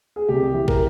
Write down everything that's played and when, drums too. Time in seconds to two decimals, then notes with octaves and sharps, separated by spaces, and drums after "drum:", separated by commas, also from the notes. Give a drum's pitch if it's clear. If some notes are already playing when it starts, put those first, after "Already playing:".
0.16 G#4
0.28 C2 G4
0.54 E3
0.68 A#4, drum: kick